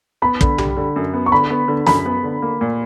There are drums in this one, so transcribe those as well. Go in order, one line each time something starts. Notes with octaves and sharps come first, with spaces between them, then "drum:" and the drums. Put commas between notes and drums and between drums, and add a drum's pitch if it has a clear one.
B3 B5
D3, drum: kick
G3, drum: tom B1
D3
F#2
B3
C#6
D3 B5
B3
D3
F#2 B5, drum: snare
B3
D3
A#3
A#2